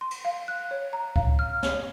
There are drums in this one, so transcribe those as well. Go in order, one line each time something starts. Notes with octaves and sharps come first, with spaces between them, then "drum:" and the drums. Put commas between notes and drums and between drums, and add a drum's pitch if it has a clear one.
C6
drum: cymbal
F5
F#6
C#5
A#5
F5, drum: kick C#2
F6
C#5, drum: snare